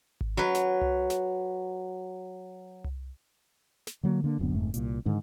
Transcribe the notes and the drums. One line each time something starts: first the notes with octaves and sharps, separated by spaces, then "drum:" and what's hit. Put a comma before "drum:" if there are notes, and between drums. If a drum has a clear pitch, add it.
drum: kick G#1
F#3 B4
drum: snare
drum: tom C2
drum: snare
drum: tom C2
drum: snare
D3 F#3 A3 A#3
D3 A#3
D1 F#2 D3 B3
F#1 F2 G#2 A3
C2 A#2, drum: hi-hat
G#2 D3 D#3